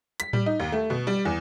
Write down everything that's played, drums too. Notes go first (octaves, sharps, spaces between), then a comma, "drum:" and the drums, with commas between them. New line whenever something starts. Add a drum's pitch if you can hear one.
B6, drum: hi-hat
G3, drum: tom A2
D#4
D#2
A3
B2
G3
E2